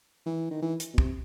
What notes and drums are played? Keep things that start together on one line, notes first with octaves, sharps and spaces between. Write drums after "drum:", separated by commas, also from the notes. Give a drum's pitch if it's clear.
E3
D#3
E3
drum: hi-hat
B2
C3, drum: kick